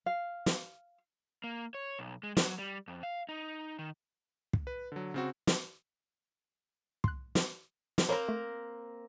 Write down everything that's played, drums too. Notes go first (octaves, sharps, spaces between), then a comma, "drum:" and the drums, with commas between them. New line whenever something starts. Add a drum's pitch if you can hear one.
F5
drum: snare
A#3
C#5
B1
G#3
F#3, drum: snare
G3
F2
F5
D#4
D#3
drum: kick
B4
D3 F#3
C#3 C4 F#4
drum: snare
C6 F#6, drum: kick
drum: snare
drum: snare
A#3 C4 A#4 C5 C#5 B5
A3